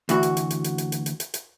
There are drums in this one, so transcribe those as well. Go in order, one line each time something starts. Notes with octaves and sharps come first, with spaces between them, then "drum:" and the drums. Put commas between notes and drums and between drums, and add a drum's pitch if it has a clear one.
D2 E3 F#4, drum: hi-hat
drum: hi-hat
drum: hi-hat
drum: hi-hat
drum: hi-hat
drum: hi-hat
drum: hi-hat
drum: hi-hat
drum: hi-hat
drum: hi-hat